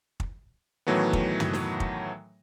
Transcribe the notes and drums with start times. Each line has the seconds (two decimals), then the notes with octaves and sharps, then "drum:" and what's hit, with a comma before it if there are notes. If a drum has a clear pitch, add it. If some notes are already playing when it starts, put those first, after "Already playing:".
0.20 drum: kick
0.87 A2 D#3 E3 F#3 A3 B3
1.13 drum: kick
1.40 drum: tom
1.53 drum: snare
1.80 drum: kick